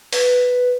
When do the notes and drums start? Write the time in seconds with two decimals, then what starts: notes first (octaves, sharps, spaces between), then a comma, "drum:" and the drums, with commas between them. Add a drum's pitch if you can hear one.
0.13 B4, drum: open hi-hat